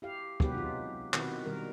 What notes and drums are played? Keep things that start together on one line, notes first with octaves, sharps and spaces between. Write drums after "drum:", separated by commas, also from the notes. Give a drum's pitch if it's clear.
E4 G4 F5
C3 F#3 G#3 B3 G4 B4, drum: kick
D#4 F4
B2 D#3 C4 E4 F#4 B4, drum: clap
B2 D#3 G3 A#4